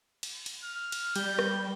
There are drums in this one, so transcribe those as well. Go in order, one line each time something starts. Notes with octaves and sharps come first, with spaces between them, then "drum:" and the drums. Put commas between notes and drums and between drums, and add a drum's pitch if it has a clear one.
drum: cymbal
drum: cymbal
F6
drum: cymbal
G3 G6, drum: cymbal
drum: rim click